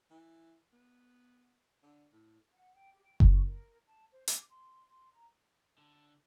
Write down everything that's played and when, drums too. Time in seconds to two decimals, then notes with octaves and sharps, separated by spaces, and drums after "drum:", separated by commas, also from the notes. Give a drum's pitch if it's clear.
0.10 E3
0.72 B3
1.82 D3
2.12 A2
2.52 F#5
2.74 G5
2.92 G4
3.04 G5
3.20 C#6, drum: kick F#1
3.44 A#4
3.86 A5
4.11 C5
4.28 D6, drum: hi-hat
4.49 C6
4.90 C6
5.12 A#5
5.78 D3